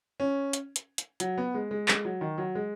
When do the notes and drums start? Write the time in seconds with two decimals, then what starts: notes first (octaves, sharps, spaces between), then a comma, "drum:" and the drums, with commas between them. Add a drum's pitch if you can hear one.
0.20 C#4
0.53 drum: hi-hat
0.76 drum: hi-hat
0.98 drum: hi-hat
1.20 F#3, drum: hi-hat
1.38 B3
1.54 G#3
1.71 G#3
1.88 G#3, drum: clap
2.05 F#3
2.21 D#3
2.38 F#3
2.55 G#3